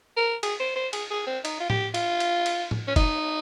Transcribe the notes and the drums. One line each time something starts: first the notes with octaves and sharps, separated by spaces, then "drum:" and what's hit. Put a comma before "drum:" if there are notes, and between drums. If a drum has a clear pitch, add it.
A#4
G#4, drum: cymbal
C5
C5
G#4, drum: cymbal
G#4
C4
D#4, drum: cymbal
F4
G4, drum: tom A2
F4, drum: cymbal
drum: cymbal
drum: cymbal
drum: tom A2
C#4
D#4, drum: kick, cymbal